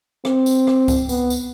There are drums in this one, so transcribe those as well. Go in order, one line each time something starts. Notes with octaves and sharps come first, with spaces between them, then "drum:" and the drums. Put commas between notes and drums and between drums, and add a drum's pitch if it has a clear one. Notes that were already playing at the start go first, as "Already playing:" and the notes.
C4, drum: rim click
drum: tambourine
drum: rim click
drum: kick C#2, tambourine
B3, drum: tambourine
drum: tambourine